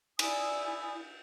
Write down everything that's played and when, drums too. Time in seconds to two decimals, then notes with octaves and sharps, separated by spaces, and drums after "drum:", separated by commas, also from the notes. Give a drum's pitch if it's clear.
0.19 E4 D5 G#5 D#6, drum: cymbal